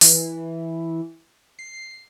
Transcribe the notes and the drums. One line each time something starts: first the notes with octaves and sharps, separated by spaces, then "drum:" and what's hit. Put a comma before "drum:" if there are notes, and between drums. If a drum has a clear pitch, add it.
E3, drum: open hi-hat
C7